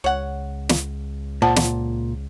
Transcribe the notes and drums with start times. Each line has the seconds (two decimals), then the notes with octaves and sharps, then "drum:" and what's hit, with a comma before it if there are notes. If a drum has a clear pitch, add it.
0.04 C#2 C#5 F#5
0.69 drum: snare
1.42 A#2 F3 F#5 A5
1.56 drum: snare